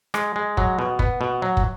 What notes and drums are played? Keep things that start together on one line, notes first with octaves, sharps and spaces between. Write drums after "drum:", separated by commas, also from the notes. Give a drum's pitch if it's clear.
G#3, drum: rim click
G#3
F#3, drum: kick
B2
B3, drum: kick
B2
F#3
drum: kick